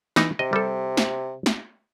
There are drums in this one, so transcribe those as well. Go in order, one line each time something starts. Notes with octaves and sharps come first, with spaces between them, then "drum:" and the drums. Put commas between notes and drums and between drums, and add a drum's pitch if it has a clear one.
E3 D#4, drum: snare
C3 D#5
G3 A4
drum: snare
drum: snare